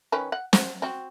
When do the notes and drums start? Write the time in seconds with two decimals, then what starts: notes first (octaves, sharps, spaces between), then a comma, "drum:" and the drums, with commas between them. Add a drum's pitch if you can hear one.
0.12 D#3 C#4 B4
0.32 F#5
0.53 C5 F#5, drum: snare
0.82 C4 F#4